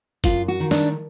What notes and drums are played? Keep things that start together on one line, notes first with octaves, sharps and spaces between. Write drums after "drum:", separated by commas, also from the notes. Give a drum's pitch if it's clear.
F#2 F4, drum: kick, hi-hat
F#4
D#3
D4, drum: snare